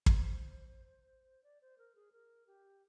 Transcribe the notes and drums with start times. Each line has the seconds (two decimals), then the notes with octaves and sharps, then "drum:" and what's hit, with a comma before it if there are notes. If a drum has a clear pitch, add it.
0.06 C5, drum: kick
1.43 D5
1.61 C5
1.78 A#4
1.95 G#4
2.12 A#4
2.47 G4